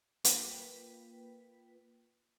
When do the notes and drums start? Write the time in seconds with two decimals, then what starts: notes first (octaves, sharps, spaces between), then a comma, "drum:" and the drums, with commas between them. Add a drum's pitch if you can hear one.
0.24 A#3 F4 B4 G5 B6, drum: hi-hat